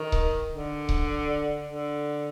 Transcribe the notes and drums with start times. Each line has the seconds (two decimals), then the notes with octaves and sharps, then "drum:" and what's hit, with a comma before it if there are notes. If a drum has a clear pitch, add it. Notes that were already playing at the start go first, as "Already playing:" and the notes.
Already playing: D#3
0.12 drum: kick C#1
0.51 D3
0.89 drum: kick C#1
1.66 D3